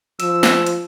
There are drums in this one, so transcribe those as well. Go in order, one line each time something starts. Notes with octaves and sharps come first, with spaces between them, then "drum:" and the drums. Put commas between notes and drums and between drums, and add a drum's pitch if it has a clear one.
F3 E6, drum: hi-hat
drum: snare
drum: hi-hat